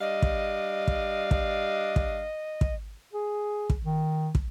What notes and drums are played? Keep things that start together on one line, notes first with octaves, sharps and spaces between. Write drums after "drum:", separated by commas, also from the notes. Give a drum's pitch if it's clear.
G3 D4 D#5 F5
drum: kick
drum: kick
drum: kick
drum: kick
drum: kick
G#4
drum: kick
D#3
drum: kick